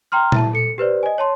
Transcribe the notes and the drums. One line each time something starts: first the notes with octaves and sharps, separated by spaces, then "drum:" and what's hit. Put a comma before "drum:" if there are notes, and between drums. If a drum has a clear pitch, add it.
G5 A#5 C6 F6
E4 E5 A5, drum: tom A#2
A4 C#7
G4 B4 C5 D5
D#5 G#5
C#5 A5 C6